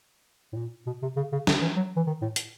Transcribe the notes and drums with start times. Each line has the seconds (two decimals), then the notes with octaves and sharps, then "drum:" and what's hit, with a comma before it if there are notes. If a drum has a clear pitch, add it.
0.53 A2
0.57 A#2
0.87 B2
1.02 C3
1.16 C#3
1.33 C#3
1.47 D3, drum: snare
1.62 E3
1.76 F#3
1.97 E3
2.07 D#3
2.22 A2
2.36 drum: hi-hat